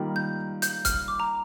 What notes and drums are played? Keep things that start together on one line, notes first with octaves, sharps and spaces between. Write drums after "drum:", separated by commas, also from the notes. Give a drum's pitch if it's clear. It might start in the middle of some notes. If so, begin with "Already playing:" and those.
Already playing: D#3 G3 A#3 F4
G6
G6, drum: hi-hat
F6, drum: kick C#1, hi-hat
D6
A#5